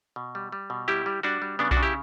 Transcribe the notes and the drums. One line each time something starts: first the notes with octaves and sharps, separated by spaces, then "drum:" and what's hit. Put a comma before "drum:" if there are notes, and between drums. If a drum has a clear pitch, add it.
B2
G3
G3
B2
G3 E4 G4
G3
G3 D4 F#4
G3
C#3 B3 D4
D4 F#4, drum: kick B1
C#3
E4 G4